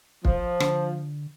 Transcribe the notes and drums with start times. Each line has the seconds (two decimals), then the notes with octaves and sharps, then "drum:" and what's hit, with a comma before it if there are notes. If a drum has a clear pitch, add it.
0.25 F3, drum: kick
0.60 D3, drum: rim click